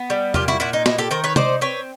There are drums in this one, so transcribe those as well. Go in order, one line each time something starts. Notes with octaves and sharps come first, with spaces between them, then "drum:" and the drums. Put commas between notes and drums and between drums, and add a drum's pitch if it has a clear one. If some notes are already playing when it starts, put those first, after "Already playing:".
Already playing: B3
G3
A#2 F4 G4, drum: tom
E4 F#4
A#2 E4 F#4
D#4
D#4 E4, drum: snare
G4 A4
D#3 A#4 C5
B4 C#5
D#4 C5 D5, drum: tom
C4 B4 C#5